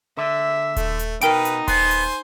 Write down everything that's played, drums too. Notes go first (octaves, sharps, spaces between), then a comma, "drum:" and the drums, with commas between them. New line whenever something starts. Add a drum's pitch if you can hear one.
D3 E5
A3, drum: kick D#1, hi-hat
drum: hi-hat
B2 D#4 A#4 B4 G5 D7, drum: hi-hat
drum: hi-hat
B3 C5 G#5 C6, drum: kick D#1, hi-hat
drum: hi-hat